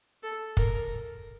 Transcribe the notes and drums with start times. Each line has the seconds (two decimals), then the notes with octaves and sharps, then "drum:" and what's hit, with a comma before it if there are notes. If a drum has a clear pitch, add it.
0.23 A4
0.57 A#4, drum: kick